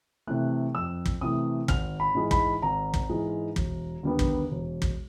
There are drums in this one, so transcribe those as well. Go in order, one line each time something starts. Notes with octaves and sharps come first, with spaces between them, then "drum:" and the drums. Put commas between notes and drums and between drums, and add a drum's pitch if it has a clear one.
C3 E3 A3 F#6
F2 E6
drum: kick
C3 E3 A3 D#6
G#1 F6, drum: kick
B5
G#2 E3 G#3
B5, drum: kick
G#1 A#5
drum: kick
G#2 E3 G#3
E1, drum: kick
D#2 D3 G3 B3
drum: kick
E1
drum: kick